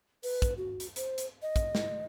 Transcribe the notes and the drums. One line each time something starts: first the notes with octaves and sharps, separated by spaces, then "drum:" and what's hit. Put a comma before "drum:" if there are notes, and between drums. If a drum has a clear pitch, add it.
B4, drum: open hi-hat
drum: kick, hi-hat
F#4
drum: hi-hat
C5, drum: hi-hat
drum: hi-hat
D#5
drum: kick, hi-hat
drum: snare